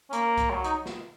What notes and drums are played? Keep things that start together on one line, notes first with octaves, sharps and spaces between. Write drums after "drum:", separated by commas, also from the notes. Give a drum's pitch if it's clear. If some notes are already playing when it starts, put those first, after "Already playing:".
C#4
A#3, drum: hi-hat
drum: kick C2, hi-hat
F#3
D#4, drum: hi-hat
drum: snare